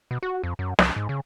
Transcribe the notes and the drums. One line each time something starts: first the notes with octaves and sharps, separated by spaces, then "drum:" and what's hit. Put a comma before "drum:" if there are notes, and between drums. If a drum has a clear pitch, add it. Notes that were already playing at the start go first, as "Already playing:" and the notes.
B2
F#4
F2
F#2
C2, drum: snare
G#2
C#3